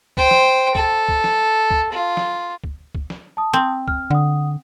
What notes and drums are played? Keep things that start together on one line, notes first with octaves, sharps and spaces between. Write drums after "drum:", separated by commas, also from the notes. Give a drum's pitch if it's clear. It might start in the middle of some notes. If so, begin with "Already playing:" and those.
C5 G5, drum: kick
drum: snare
A4, drum: kick
drum: kick
drum: snare
drum: kick
F4
drum: snare
drum: kick
drum: kick
drum: snare
A5 D#6
C4
F6, drum: kick
D3 F#5 D#6